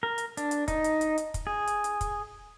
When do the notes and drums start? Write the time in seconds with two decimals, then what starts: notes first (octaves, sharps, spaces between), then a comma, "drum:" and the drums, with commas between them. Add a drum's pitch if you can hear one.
0.03 A#4
0.18 drum: hi-hat
0.37 D4, drum: hi-hat
0.51 drum: hi-hat
0.68 D#4, drum: kick, hi-hat
0.84 drum: hi-hat
1.01 drum: hi-hat
1.18 drum: hi-hat
1.34 drum: kick, hi-hat
1.47 G#4
1.67 drum: hi-hat
1.84 drum: hi-hat
2.01 drum: kick, hi-hat